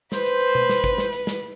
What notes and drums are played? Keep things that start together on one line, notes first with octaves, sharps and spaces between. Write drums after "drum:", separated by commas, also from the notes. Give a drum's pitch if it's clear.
B4 C5, drum: snare
drum: hi-hat
drum: hi-hat
drum: tom B2
drum: snare
drum: kick G#1, hi-hat
drum: snare
drum: hi-hat
drum: snare